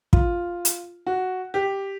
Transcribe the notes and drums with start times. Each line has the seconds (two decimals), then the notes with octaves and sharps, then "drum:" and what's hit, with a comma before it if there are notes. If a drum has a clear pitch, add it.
0.13 F4, drum: kick
0.65 drum: hi-hat
1.07 F#4
1.54 G4